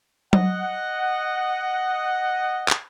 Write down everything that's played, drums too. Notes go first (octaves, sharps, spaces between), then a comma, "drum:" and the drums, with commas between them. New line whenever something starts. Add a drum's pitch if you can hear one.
D#5 F#5, drum: tom F#3
drum: clap